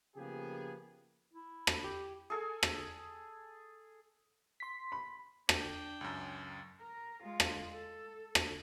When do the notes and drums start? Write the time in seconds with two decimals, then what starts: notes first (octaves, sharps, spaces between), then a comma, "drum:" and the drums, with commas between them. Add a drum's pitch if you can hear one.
0.17 C#3 F3 A#3 B3 G4 G#4
1.34 E4
1.67 drum: rim click
1.84 G4
2.30 G#4 A4 G#5
2.63 drum: rim click
4.60 C6 B6
4.92 B5
5.49 D4 G5, drum: rim click
6.01 C#2 F#2
6.80 A#4
7.22 G#3 F4
7.40 drum: rim click
7.73 A4
8.35 drum: rim click